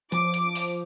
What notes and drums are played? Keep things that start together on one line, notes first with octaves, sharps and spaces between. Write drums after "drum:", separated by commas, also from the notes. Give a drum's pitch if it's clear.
F3 D6, drum: hi-hat
drum: hi-hat
drum: open hi-hat